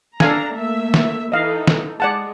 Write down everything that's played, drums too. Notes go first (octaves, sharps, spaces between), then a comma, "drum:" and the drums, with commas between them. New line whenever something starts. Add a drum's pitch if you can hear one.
D4 A4 F5 G#5 A#5, drum: snare
A3 A#3 E5
drum: snare
E3 D#4 A4 D#5 F5
drum: snare
G#3 D5 F#5 A5